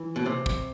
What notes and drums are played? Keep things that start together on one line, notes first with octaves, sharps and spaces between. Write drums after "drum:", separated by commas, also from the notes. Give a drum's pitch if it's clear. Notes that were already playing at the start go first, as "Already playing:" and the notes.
Already playing: E3
B2
C3
drum: kick